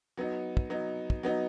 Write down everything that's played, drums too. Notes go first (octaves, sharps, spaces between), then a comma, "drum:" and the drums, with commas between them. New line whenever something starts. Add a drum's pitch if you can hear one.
F#3 B3 D#4
drum: kick
F#3 B3 D#4
drum: kick
F#3 B3 D#4